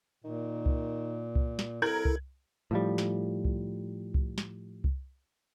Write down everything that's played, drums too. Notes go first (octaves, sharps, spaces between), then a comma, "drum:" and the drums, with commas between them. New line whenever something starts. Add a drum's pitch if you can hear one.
A#2 D#3
drum: kick C2
drum: kick C2
drum: snare
C2 E4 A4 A#4 G#6 F#7
drum: kick C2
A2 F3 G3
drum: snare
drum: kick C2
drum: kick C2
drum: snare
drum: kick C2